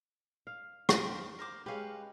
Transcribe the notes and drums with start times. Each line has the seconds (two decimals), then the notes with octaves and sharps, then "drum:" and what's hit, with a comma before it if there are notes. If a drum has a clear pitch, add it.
0.47 F5
0.89 G4 A#4 C6, drum: rim click
1.39 A#4 C5 D6
1.66 G#3 C#4 G4 B4 F5